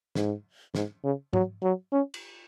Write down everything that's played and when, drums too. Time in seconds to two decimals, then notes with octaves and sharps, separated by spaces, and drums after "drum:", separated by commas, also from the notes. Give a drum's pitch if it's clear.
0.15 G#2, drum: snare
0.75 G#2, drum: snare
1.04 C#3
1.33 F#3, drum: tom G#2
1.63 F#3
1.92 C#4
2.14 drum: cymbal